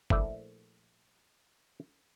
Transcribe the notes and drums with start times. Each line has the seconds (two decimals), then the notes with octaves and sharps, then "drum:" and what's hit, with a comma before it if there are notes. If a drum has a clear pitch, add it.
0.10 A#1 A3 E4 D5 E5, drum: kick